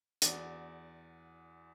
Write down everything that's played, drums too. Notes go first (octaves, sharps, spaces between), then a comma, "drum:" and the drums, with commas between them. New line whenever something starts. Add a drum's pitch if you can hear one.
E2 F#4 D5, drum: hi-hat